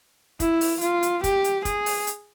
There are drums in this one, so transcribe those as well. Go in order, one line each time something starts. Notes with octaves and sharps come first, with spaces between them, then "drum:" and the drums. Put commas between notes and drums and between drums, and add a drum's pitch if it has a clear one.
E4, drum: kick, hi-hat
drum: open hi-hat
F4, drum: hi-hat
drum: hi-hat
G4, drum: kick, hi-hat
drum: hi-hat
G#4, drum: kick, hi-hat
drum: open hi-hat
drum: hi-hat